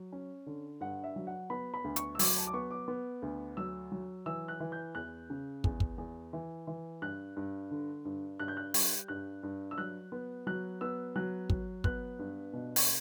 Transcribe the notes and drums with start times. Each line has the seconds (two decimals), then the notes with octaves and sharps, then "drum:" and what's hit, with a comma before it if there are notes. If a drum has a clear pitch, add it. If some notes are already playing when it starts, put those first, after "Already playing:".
Already playing: F#3
0.12 C#4
0.46 D3
0.81 G2 F#5
1.04 E5
1.16 F#3
1.27 F#5
1.50 B3 B5
1.74 B5
1.84 D2
1.96 C#6, drum: hi-hat
2.15 E6
2.19 F#3 D6, drum: open hi-hat
2.37 A5
2.47 D6
2.54 B3 C#6
2.71 D6
2.88 B3
3.22 D2
3.57 F#3 E6
3.92 F#3
4.26 E3 E6
4.48 F#6
4.60 E3
4.72 G6
4.95 E2 F#6
5.30 C#3
5.64 E2, drum: kick
5.80 drum: kick
5.98 E2
6.33 E3
6.67 E3
7.02 G2 F#6
7.37 G2
7.71 D3
8.05 G2
8.39 G2 F#6
8.48 G6
8.57 F#6
8.74 G3, drum: open hi-hat
9.08 G2 F#6
9.43 G2
9.71 E6
9.78 F#3 F#6
10.12 B3
10.47 F#3 F#6
10.81 B3 E6
11.16 F#3 F#6
11.50 F#3, drum: kick
11.84 B3 F#6, drum: kick
12.19 G2
12.53 B2
12.76 drum: open hi-hat